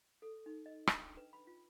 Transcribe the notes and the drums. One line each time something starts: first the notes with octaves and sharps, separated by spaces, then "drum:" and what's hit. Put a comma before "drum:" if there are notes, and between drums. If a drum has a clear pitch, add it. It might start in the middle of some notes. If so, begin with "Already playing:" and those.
A4
D#4
D#5
D4, drum: rim click
G5
B4
B5
F4